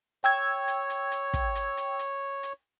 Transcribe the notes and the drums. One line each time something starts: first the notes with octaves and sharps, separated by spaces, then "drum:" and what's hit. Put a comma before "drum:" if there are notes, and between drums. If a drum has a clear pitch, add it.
C#5 G5 E6 G#6, drum: hi-hat
drum: hi-hat
drum: hi-hat
drum: hi-hat
drum: kick, hi-hat
drum: hi-hat
drum: hi-hat
drum: hi-hat
drum: hi-hat